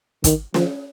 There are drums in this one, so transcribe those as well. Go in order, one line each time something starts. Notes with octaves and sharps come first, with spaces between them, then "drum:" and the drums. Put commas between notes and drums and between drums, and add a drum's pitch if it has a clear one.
D#3, drum: kick, hi-hat
F3, drum: snare